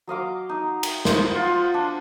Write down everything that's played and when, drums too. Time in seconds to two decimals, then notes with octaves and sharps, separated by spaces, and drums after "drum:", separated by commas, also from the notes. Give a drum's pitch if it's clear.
0.07 F#3 D#5 F5 D6
0.49 D#4
0.83 drum: cymbal
1.05 C5 D#5, drum: snare
1.31 F4 F#5
1.74 D4